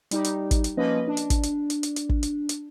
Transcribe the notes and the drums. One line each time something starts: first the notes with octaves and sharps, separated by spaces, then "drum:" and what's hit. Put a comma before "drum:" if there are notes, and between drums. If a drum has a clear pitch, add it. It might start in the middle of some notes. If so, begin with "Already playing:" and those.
G3 D#4 G4, drum: hi-hat
drum: hi-hat
drum: kick, hi-hat
drum: hi-hat
F3 A#3 C#4 B4 D#5
D4
drum: hi-hat
drum: kick, hi-hat
drum: hi-hat
drum: hi-hat
drum: hi-hat
drum: hi-hat
drum: kick
drum: hi-hat
drum: hi-hat